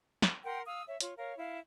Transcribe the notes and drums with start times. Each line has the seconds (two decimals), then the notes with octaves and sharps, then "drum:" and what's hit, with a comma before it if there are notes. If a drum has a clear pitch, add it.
0.22 drum: snare
0.44 A#4 F#5 G5 C6
0.67 F5 D#6 E6
0.87 C#5 E5
1.00 F4 C#5, drum: hi-hat
1.18 A#4 C#5 F5
1.37 E4 F5